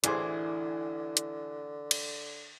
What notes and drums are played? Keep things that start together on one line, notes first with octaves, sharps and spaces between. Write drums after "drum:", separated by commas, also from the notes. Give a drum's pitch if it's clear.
A1 D3 E3 E4 G#4 C5 D6, drum: hi-hat
drum: hi-hat
drum: cymbal